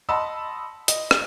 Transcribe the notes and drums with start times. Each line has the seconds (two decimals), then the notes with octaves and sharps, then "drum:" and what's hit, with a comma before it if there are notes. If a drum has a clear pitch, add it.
0.09 D#5 F#5 A5 B5 C6 E6
0.88 D#5, drum: hi-hat
1.11 drum: rim click